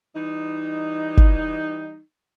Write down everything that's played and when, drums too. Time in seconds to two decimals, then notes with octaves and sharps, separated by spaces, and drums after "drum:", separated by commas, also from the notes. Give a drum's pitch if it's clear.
0.15 E3 G3 D#4
1.17 drum: kick